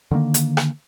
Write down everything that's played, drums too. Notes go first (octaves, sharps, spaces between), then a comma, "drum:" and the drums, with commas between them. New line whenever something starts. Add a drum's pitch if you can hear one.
D3 D#3 G3 A#3
drum: hi-hat
drum: rim click